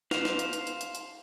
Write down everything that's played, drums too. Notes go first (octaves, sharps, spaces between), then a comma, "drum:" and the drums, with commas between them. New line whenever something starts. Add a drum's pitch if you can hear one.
C5 F5, drum: snare
drum: snare
drum: hi-hat
drum: hi-hat
drum: hi-hat
drum: hi-hat
drum: hi-hat